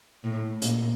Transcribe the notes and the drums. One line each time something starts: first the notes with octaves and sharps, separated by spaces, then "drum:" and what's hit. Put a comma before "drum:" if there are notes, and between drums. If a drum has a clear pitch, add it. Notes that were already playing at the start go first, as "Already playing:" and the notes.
A2
A#2, drum: hi-hat